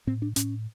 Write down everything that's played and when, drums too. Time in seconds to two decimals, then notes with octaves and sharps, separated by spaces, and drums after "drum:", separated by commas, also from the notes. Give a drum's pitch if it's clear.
0.07 A2 C4
0.22 D4
0.36 A2 C#4, drum: hi-hat